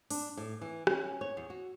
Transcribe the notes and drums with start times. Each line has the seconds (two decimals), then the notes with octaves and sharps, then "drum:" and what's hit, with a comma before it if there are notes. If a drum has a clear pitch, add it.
0.10 D4, drum: open hi-hat
0.37 A2
0.61 E3
0.87 C#4, drum: rim click
1.21 C#5
1.37 E2
1.50 F#4